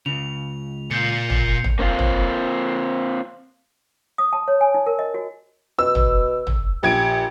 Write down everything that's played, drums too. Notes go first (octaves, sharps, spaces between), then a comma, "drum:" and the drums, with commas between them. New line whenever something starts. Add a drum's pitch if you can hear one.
C#2 C#3 F7
A#2 G6 C7 C#7
drum: tom
drum: tom
A#3 C4 D4 F4
drum: tom
D#6
A5
C#5
G#5
D#4
A#4
D#5
F#4
B2 E6
drum: tom
drum: tom
A#1 G4 G#6 D7